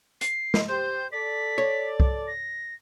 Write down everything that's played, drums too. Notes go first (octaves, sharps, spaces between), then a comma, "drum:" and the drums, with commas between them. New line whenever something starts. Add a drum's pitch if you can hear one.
C7, drum: hi-hat
drum: snare
G4 C5 G6
A4 D5 B6
C#5
drum: kick C2
A#6